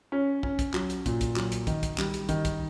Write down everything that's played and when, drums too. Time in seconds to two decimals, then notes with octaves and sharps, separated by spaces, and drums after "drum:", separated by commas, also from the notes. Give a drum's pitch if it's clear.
0.12 C#4
0.43 C#4, drum: kick
0.59 drum: kick, hi-hat
0.74 F#3, drum: clap
0.90 drum: hi-hat
1.06 A#2, drum: kick, hi-hat
1.21 drum: kick, hi-hat
1.36 F#3, drum: clap
1.52 drum: hi-hat
1.67 D#3, drum: kick, hi-hat
1.83 drum: kick, hi-hat
1.98 G3, drum: clap
2.14 drum: hi-hat
2.29 D#3, drum: kick, hi-hat
2.45 drum: kick, hi-hat